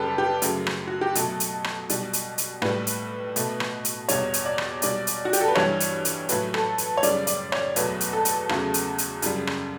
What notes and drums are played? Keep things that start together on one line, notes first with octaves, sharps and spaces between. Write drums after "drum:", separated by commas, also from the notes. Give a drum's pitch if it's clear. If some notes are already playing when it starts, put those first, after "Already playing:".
Already playing: F#2 C#3 G3 G4 A4 B4
G4
F#2 C#3 F#3 A3, drum: hi-hat
drum: rim click
F#4
G4
B2 F#3 A3 A4, drum: hi-hat
drum: hi-hat
drum: rim click
B2 G3, drum: hi-hat
drum: hi-hat
drum: hi-hat
A2 G3 B4, drum: rim click
drum: hi-hat
B2 A3, drum: hi-hat
drum: rim click
drum: hi-hat
E2 B2 G3 C#5, drum: hi-hat
drum: hi-hat
D5
drum: rim click
B2 G3 D5, drum: hi-hat
drum: hi-hat
F#4
G4, drum: hi-hat
A4
B4
G2 E3 G3 C#5, drum: rim click
drum: hi-hat
drum: hi-hat
A2 F#3 A3 B4, drum: hi-hat
A4, drum: rim click
drum: hi-hat
C#5
F#2 C#3 G3 D5, drum: hi-hat
D5, drum: hi-hat
C#5, drum: rim click
E2 B2 F#3 A3 B4, drum: hi-hat
drum: hi-hat
A4
drum: hi-hat
E2 C#3 F#3 A3, drum: rim click
drum: hi-hat
drum: hi-hat
F#2 C#3 G3, drum: hi-hat
drum: rim click